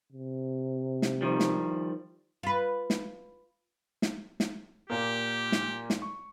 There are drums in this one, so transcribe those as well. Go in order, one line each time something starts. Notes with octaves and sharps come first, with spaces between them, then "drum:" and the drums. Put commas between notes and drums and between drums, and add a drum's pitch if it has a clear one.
C3
drum: snare
D#3 F3 G3
drum: snare
F4 B4
drum: snare
drum: snare
drum: snare
A#2 A#3 G4
drum: snare
drum: snare
C#6